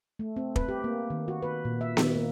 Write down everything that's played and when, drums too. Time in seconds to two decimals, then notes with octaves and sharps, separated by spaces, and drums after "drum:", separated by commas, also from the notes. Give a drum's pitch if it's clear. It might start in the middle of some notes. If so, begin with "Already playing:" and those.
0.19 A3
0.37 C4
0.56 B4, drum: kick
0.68 G4
0.84 A#3
1.10 D#3
1.28 F#4
1.43 B4
1.65 A#2
1.81 E5
1.97 D#3, drum: snare B3
2.16 A#3